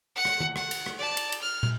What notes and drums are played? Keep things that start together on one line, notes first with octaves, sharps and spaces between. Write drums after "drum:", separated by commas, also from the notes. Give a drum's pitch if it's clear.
F#5 C#7
drum: rim click
drum: tom D#3
F#5, drum: rim click
drum: cymbal
drum: rim click
D5 A5
drum: cymbal
drum: cymbal
F6
drum: tom